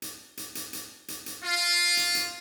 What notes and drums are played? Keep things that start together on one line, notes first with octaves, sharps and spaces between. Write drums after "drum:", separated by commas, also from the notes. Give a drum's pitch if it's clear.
drum: hi-hat
drum: hi-hat
drum: hi-hat
drum: hi-hat
drum: hi-hat
drum: hi-hat
F4
drum: hi-hat
drum: hi-hat